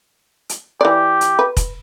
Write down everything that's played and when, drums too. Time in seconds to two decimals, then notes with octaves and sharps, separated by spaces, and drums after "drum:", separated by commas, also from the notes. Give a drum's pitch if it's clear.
0.49 drum: hi-hat
0.81 E3 G4 D5
1.21 drum: hi-hat
1.39 B4
1.57 drum: kick, hi-hat